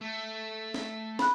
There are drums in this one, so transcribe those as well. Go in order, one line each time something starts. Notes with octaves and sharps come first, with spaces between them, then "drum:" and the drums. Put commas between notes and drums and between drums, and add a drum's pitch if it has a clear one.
A3
drum: snare
B5 F#6, drum: snare